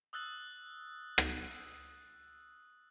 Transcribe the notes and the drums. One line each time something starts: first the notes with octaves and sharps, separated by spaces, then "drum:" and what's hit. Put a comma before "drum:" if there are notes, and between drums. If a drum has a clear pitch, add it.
D#6 E6 F#6 A6 F#7
drum: rim click